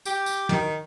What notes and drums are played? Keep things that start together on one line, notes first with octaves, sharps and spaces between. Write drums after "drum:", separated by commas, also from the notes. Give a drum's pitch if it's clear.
G4, drum: tambourine
drum: tambourine
D#3, drum: snare